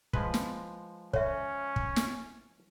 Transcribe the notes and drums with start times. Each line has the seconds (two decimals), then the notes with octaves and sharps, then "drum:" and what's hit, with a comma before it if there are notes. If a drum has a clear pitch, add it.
0.13 F3 G#3 B4, drum: kick
0.34 drum: snare
1.13 C#4 C#5 E5, drum: kick
1.76 drum: kick
1.96 drum: snare